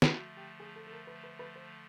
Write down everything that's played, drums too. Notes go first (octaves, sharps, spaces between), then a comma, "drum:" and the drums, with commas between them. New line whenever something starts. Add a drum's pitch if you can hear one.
drum: snare
D3 F3 A3 F#4
G4
G#4
A4
A4
A#4
B4
B4
B4
C5